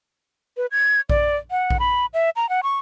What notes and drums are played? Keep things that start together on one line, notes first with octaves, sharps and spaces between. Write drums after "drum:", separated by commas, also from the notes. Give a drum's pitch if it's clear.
B4
G#6
D5, drum: kick A#1
F#5
drum: kick A#1
B5
E5
A#5
F#5
C#6